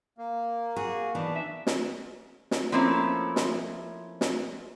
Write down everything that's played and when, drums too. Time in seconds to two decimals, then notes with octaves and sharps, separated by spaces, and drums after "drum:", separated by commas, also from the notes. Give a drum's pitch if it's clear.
0.18 A#3
0.76 F#4 G#4
1.15 E3 B3 D4 D#4
1.35 E5
1.67 drum: snare
2.51 drum: snare
2.72 F3 A3 A#3 C4 C#4 E4
3.36 drum: snare
4.21 drum: snare